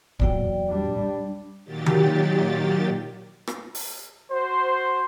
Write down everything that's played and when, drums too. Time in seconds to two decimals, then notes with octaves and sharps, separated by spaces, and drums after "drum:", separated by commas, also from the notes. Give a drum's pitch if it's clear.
0.19 E2 A#2 F#3 D5 G5, drum: kick
0.68 G3 D4
1.65 A#2 D#3 F#3 G4 A6
1.86 drum: tom D#3
3.47 drum: rim click
3.75 drum: open hi-hat
4.30 F#4 C5